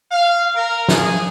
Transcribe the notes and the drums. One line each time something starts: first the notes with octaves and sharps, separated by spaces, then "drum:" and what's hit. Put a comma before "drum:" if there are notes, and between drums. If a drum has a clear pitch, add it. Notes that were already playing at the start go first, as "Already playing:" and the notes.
F5
A#4
G#4, drum: snare